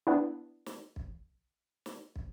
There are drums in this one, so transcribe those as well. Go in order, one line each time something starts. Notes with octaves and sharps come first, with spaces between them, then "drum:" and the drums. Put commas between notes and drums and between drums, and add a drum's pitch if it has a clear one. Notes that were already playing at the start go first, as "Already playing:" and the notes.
B3 D4 E4
drum: snare
drum: kick
drum: snare
drum: kick